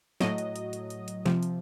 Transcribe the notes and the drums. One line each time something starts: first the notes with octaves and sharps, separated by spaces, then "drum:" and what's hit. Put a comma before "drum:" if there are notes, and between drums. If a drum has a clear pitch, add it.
A2 F#3 D#5, drum: snare
drum: hi-hat
drum: hi-hat
drum: hi-hat
drum: hi-hat
drum: hi-hat
C3 F3, drum: snare
drum: hi-hat